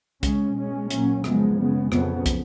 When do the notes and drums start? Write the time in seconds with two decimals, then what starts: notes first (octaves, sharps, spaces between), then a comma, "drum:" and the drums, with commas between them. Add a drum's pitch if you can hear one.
0.23 C#3 G#3 C#4, drum: kick, hi-hat
0.56 B2 G#3 C#4
0.90 A#2 F#3 A#3 C#4, drum: hi-hat
1.24 F#2 C#3 F3 G#3 B3, drum: rim click
1.58 C#3 G#3 B3
1.92 F2 C#3 F#3 B3, drum: rim click
2.26 drum: kick, hi-hat